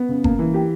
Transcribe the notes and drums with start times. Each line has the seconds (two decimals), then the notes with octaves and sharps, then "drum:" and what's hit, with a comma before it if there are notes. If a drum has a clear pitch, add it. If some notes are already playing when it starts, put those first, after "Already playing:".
Already playing: B3
0.09 C#3
0.24 A#3, drum: kick F#1
0.39 E3
0.54 G4